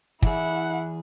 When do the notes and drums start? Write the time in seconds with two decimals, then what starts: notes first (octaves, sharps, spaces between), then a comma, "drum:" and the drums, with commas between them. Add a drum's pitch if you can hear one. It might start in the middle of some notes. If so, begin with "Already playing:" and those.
0.23 E3 E4 G#4 F#5, drum: kick